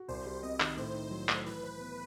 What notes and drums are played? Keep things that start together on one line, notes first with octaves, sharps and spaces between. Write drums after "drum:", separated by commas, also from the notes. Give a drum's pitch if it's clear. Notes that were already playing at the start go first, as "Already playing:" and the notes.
Already playing: F#4
C2 C5
G3
C3 D#5
D#3, drum: clap
A2 C5
D#4
F#3
A3, drum: clap
E3 B4
C5
B3